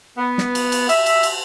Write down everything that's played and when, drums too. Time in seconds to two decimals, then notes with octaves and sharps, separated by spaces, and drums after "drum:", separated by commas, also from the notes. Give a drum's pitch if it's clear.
0.17 B3
0.38 drum: snare
0.55 drum: cymbal
0.72 drum: cymbal
0.89 E5, drum: cymbal
1.06 drum: cymbal
1.23 drum: cymbal